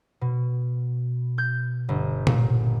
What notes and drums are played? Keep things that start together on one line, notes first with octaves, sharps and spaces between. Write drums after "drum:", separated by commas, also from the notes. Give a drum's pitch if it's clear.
B2
G6
G1
A#2, drum: tom B2